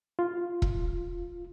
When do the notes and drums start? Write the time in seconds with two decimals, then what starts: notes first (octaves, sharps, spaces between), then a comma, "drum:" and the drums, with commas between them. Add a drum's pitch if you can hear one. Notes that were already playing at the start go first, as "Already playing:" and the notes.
0.19 F4
0.62 drum: kick E1